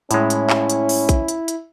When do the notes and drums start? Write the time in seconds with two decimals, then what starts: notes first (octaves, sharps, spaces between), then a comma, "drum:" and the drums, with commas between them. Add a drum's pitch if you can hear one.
0.11 A2 G#3 C#4 E4, drum: hi-hat
0.30 drum: hi-hat
0.50 drum: clap
0.70 drum: hi-hat
0.89 drum: open hi-hat
1.09 drum: kick A#1, hi-hat
1.28 drum: hi-hat
1.48 drum: hi-hat